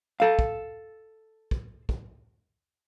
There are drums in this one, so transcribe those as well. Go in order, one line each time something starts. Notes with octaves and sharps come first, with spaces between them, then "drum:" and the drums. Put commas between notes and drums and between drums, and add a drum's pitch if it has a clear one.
A4 F5
drum: kick
drum: kick
drum: kick